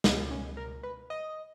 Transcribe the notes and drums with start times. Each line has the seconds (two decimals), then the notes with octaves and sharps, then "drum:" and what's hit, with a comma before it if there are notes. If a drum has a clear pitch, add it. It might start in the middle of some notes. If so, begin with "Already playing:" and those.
0.04 C#2 B2 B3, drum: snare
0.31 C#4
0.57 A#4
0.83 B4
1.10 D#5